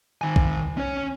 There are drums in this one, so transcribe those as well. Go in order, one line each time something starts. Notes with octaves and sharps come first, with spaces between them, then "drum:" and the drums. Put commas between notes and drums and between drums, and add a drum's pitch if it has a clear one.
D#3 G#5
drum: kick
C#4 C#5